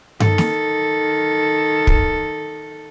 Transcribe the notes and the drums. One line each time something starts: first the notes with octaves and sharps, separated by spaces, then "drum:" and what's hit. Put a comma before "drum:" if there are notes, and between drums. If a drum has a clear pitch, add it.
D#3 A4, drum: tom G2
drum: snare
drum: kick